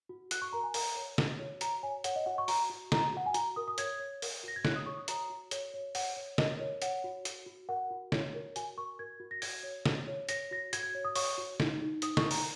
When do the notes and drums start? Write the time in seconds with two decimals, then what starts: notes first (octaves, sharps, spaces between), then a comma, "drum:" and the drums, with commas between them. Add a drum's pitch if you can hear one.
0.09 F#4
0.31 F#4 F#6, drum: hi-hat
0.42 C#6
0.53 A#4 A#5
0.63 G#5
0.74 A#4 A#5, drum: open hi-hat
0.96 C#5
1.18 F#4, drum: snare
1.39 C#5
1.61 F#4 A#5, drum: hi-hat
1.83 C#5 G#5
2.04 C#5 F#5, drum: hi-hat
2.16 D#5
2.26 F#4 F#5
2.38 C#6
2.48 F#4 A#5, drum: open hi-hat
2.70 F#4
2.92 F#4 A#5, drum: snare
3.13 F#4 F#5
3.26 G#5
3.34 F#4 A#5, drum: hi-hat
3.56 A#4 D#6
3.68 D#6
3.78 C#5 G#6, drum: hi-hat
3.99 C#5
4.22 A#4, drum: open hi-hat
4.43 F#4 A#6
4.56 G#6
4.65 C#5 F#6, drum: snare
4.76 D#6
4.86 C#5 C#6
4.98 D#6
5.08 F#4 A#5, drum: hi-hat
5.30 F#4
5.51 C#5, drum: hi-hat
5.74 C#5
5.95 C#5 F#5, drum: open hi-hat
6.17 C#5
6.38 A#4 D#5, drum: snare
6.60 C#5
6.82 C#5 F#5, drum: hi-hat
7.04 F#4
7.25 F#4, drum: hi-hat
7.46 F#4
7.69 A#4 F#5
7.91 F#4
8.12 C#5, drum: snare
8.34 A#4
8.56 F#4 G#5, drum: hi-hat
8.77 A#4 C#6
8.99 A#4 G#6
9.20 F#4
9.31 A#6
9.42 F#4 G#6, drum: open hi-hat
9.63 C#5
9.86 C#5, drum: snare
10.08 C#5
10.29 C#5 A#6, drum: hi-hat
10.51 F#4 A#6
10.73 F#4 G#6, drum: hi-hat
10.83 G#6
10.95 C#5
11.05 D#6
11.15 C#5 C#6, drum: open hi-hat
11.38 F#4
11.60 D#4, drum: snare
11.81 D#4
12.02 D#4 D#6, drum: hi-hat
12.17 C#6, drum: snare
12.24 A#4
12.31 A#5, drum: open hi-hat